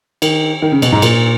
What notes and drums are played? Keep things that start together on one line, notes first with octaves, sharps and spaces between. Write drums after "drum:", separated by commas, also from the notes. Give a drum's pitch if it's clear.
D#3, drum: cymbal
D#3
C#3
B2, drum: cymbal
G#2
A#2, drum: cymbal